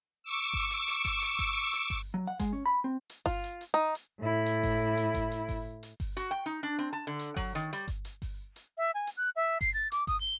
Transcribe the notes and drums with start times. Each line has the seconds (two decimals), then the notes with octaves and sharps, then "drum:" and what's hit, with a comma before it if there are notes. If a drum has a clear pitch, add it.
0.23 C#6 D6 E6
0.53 drum: kick G1
0.71 drum: hi-hat
0.88 drum: hi-hat
1.05 drum: kick G1, hi-hat
1.22 drum: hi-hat
1.39 drum: kick G1, open hi-hat
1.73 drum: hi-hat
1.90 drum: kick G1, open hi-hat
2.14 F#3
2.27 F#5
2.39 G#3, drum: kick G1, hi-hat
2.53 C#4
2.66 B5
2.84 C4
3.10 drum: hi-hat
3.26 F4, drum: kick G1, open hi-hat
3.44 drum: hi-hat
3.61 drum: hi-hat
3.74 D#4
3.95 drum: hi-hat
4.20 A2 E4
4.46 drum: hi-hat
4.63 drum: kick G1, open hi-hat
4.97 drum: hi-hat
5.14 drum: kick G1, hi-hat
5.32 drum: hi-hat
5.49 drum: kick G1, open hi-hat
5.83 drum: hi-hat
6.00 drum: kick G1, open hi-hat
6.17 F#4, drum: hi-hat
6.31 G5
6.46 D#4
6.63 D4
6.79 C4
6.93 A5
7.07 D3
7.19 drum: hi-hat
7.36 F#3, drum: kick G1, open hi-hat
7.55 D#3, drum: hi-hat
7.73 G3, drum: hi-hat
7.88 drum: kick G1, hi-hat
8.05 drum: hi-hat
8.22 drum: kick G1, open hi-hat
8.56 drum: hi-hat
8.78 E5
8.94 G#5
9.07 drum: hi-hat
9.17 F#6
9.36 E5
9.61 C7, drum: kick G1, open hi-hat
9.74 A6
9.92 D6, drum: hi-hat
10.07 D#6, drum: kick G1, open hi-hat
10.21 G7